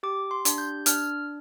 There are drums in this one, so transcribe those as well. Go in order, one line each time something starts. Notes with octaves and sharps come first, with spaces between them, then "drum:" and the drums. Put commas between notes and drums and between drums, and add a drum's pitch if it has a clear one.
G4 D6
C6
D4, drum: hi-hat
G6
D4 F6, drum: hi-hat